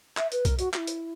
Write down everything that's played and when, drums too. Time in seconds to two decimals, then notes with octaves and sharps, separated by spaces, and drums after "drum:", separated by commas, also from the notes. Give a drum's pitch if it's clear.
0.17 E5, drum: clap
0.32 B4, drum: hi-hat
0.45 A#4, drum: kick B1, hi-hat
0.59 F#4, drum: hi-hat
0.74 F#4, drum: clap
0.77 E4
0.87 drum: hi-hat